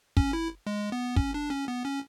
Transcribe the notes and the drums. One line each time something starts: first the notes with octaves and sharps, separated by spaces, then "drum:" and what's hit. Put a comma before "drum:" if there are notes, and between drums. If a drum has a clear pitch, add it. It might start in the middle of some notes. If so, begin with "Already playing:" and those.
C#4, drum: kick
E4
G#3
B3
C#4, drum: kick
D4
C#4
B3
C#4